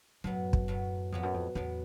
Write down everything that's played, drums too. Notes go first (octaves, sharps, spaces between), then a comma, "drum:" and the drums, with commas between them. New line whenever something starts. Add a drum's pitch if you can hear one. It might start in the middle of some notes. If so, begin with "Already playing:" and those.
F#2 A2 F#3 B3
drum: kick
A2 F#3 B3
F2 A2 F#3 B3
F#2
F2
E2 A2 F#3 B3